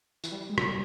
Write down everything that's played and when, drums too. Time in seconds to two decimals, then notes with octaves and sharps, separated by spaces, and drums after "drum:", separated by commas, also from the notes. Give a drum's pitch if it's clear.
0.24 E3, drum: tambourine
0.32 G3
0.50 G#3
0.58 G3, drum: rim click